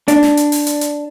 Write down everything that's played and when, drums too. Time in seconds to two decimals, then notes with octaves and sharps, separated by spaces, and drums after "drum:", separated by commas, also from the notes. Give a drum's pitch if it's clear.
0.08 D4, drum: hi-hat
0.23 drum: snare
0.37 drum: hi-hat
0.52 drum: open hi-hat
0.67 drum: hi-hat
0.81 drum: hi-hat